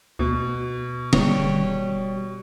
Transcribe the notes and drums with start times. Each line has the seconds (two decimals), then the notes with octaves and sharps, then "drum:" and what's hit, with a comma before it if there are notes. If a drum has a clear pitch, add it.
0.19 D2 B2
1.13 D#1 G3 C#5, drum: tom D3